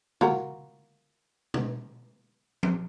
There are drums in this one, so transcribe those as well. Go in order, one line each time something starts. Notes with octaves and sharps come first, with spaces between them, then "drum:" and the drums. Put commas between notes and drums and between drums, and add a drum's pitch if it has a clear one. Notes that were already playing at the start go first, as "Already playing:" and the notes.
F4 F#4 A#4, drum: tom C#3
drum: tom B2
drum: tom F3